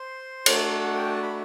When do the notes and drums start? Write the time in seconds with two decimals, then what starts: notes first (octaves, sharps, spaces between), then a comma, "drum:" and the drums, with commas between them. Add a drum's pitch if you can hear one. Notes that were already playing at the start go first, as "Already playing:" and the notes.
Already playing: C5 C6
0.46 A3 D4 F#4, drum: cymbal
0.83 F#5
0.97 G5
1.10 A5
1.23 B5